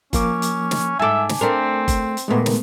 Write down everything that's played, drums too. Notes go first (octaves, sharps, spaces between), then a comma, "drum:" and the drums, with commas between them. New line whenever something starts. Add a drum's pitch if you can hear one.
F3 A#3 C#4 D6, drum: kick G1, hi-hat
drum: hi-hat
drum: snare
G#2 A4 E5 G#5 A5 D6
drum: snare
A3 C4 D4 A#4
drum: kick G1, hi-hat
drum: hi-hat
D#2 A#2 G#3 A3 B3
drum: snare